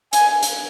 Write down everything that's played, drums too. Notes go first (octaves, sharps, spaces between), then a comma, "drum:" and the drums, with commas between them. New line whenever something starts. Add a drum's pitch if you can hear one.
G#5, drum: hi-hat
drum: hi-hat